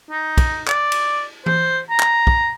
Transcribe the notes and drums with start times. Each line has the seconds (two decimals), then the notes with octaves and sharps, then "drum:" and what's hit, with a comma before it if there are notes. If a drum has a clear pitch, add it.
0.10 D#4
0.38 drum: kick, cymbal
0.68 D5, drum: clap
0.92 drum: cymbal
1.46 C5, drum: tom E3
1.90 A#5
2.00 drum: clap
2.27 drum: kick